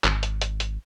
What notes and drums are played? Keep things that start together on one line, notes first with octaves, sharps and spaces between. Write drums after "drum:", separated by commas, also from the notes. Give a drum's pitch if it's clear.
G#1, drum: clap
drum: hi-hat
drum: hi-hat
drum: hi-hat